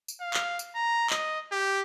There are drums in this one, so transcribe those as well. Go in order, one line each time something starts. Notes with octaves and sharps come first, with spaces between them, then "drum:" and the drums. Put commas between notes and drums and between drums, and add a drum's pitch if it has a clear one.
drum: tambourine
F5
drum: clap
drum: tambourine
A#5
D#5, drum: clap
G4